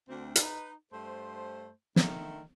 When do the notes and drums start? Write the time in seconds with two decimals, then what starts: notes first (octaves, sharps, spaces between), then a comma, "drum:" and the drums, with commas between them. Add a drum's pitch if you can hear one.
0.09 D2 C4
0.36 D#4 B4, drum: hi-hat
0.93 G2 A3 C5
1.96 D3 D#3 A3 A4, drum: snare